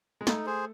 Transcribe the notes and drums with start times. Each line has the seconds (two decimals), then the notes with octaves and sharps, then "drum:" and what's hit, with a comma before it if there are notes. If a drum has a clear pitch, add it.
0.21 G#3
0.27 A3 D#4, drum: snare
0.46 G#4 C5